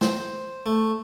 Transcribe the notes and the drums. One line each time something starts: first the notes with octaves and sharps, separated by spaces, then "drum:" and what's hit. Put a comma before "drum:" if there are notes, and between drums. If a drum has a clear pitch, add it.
C5, drum: snare
A3